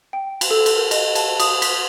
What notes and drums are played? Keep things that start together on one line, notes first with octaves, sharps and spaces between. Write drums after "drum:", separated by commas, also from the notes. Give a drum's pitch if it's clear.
G5
drum: cymbal
A4
drum: cymbal
A#4
D#5, drum: cymbal
A5, drum: cymbal
D#6, drum: cymbal
B6, drum: cymbal